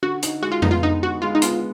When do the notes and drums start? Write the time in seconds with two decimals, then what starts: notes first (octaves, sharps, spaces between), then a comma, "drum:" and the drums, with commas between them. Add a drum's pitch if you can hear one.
0.02 D3 F#4
0.23 D#4, drum: hi-hat
0.42 G#3 F#4
0.52 F4
0.62 B3 D#4, drum: tom F2
0.71 F4
0.83 D3 D#4
1.02 D#4 F#4
1.22 G#3 F4
1.35 D#4
1.42 B3 F4, drum: hi-hat